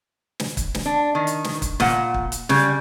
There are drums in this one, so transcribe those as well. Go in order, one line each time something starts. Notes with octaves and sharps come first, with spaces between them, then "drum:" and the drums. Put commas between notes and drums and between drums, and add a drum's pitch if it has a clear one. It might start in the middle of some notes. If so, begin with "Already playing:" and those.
drum: snare
drum: kick, hi-hat
drum: snare
D4
D#3
drum: hi-hat
drum: snare
drum: kick, hi-hat
A#2 F#5, drum: snare
drum: kick
drum: hi-hat
C#3 G3, drum: snare